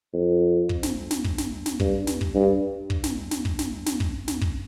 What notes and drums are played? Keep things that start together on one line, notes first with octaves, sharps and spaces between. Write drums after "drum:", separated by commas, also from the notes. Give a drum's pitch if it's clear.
F2
drum: kick
drum: snare
drum: snare
drum: kick
drum: snare
drum: snare
G2, drum: kick
drum: snare
drum: kick
G2
drum: kick
drum: snare
drum: snare
drum: kick
drum: snare
drum: snare
drum: kick
drum: snare
drum: kick